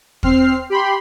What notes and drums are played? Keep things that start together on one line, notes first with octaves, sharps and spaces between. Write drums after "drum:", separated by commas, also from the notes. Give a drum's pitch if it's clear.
C4 F6 C7, drum: kick
G4 B5 C6